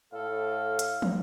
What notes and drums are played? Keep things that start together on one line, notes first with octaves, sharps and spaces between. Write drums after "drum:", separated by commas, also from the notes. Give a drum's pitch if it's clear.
A2 A4 F5
drum: hi-hat
drum: tom